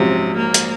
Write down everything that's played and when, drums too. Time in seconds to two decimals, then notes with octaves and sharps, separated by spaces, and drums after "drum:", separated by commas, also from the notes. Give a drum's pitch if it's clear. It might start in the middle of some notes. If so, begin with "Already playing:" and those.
Already playing: A#1 G#2 C3 F#3 C#4 F4
0.37 A#3
0.54 drum: hi-hat